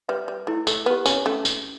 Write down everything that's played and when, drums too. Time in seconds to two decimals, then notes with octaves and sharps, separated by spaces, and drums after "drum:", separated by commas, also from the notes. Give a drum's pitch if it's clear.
0.09 G3 B4 E5 G5
0.28 G3
0.47 A3 E4
0.67 A3, drum: tambourine
0.86 B3 G4 B4
1.06 C#4, drum: tambourine
1.26 A3 C#4
1.45 drum: tambourine